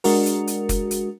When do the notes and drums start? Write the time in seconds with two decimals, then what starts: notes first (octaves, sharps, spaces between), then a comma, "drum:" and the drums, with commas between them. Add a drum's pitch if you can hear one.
0.04 G#3 D4 F#4 A#4, drum: open hi-hat
0.26 drum: hi-hat
0.47 drum: hi-hat
0.69 drum: kick, hi-hat
0.91 drum: hi-hat